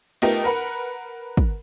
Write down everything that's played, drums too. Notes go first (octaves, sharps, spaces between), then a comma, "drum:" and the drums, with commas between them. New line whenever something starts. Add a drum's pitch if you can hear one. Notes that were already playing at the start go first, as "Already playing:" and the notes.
A3 B3 D#4 F4 G4 A#4, drum: cymbal
A#4 B4 F#5 B5
drum: kick